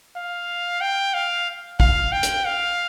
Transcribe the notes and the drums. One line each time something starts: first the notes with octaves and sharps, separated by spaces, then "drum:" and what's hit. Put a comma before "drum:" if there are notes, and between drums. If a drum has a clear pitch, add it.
F5
G5
F5
F5, drum: kick A#1
G5
drum: hi-hat
F5